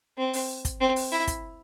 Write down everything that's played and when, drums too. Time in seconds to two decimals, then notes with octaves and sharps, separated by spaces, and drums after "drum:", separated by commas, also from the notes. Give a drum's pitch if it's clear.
0.18 C4
0.33 drum: open hi-hat
0.65 drum: kick, hi-hat
0.81 C4
0.96 drum: open hi-hat
1.12 E4
1.27 drum: kick, hi-hat